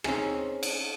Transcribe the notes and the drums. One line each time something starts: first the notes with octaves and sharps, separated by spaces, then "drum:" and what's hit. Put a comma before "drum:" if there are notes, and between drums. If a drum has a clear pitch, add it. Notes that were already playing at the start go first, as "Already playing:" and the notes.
C4 C#4 D#4 G#4, drum: rim click
drum: cymbal